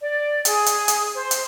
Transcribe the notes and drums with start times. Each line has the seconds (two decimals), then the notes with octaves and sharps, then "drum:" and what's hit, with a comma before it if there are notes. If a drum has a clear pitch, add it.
0.01 D5
0.45 G#4, drum: hi-hat
0.66 drum: hi-hat
0.88 drum: hi-hat
1.15 C5
1.31 drum: hi-hat